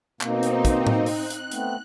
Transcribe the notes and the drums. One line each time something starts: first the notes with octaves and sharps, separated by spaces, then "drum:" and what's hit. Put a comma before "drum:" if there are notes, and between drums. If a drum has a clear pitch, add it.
B2 A#3 C4 D#4, drum: clap
drum: hi-hat
drum: kick, hi-hat
drum: tom A2
F#6, drum: open hi-hat
drum: hi-hat
A3 B3 C4, drum: hi-hat